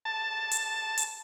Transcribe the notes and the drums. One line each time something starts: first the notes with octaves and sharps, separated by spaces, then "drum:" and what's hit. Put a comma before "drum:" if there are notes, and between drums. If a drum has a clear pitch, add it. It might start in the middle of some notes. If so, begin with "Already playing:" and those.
A5
drum: hi-hat
drum: hi-hat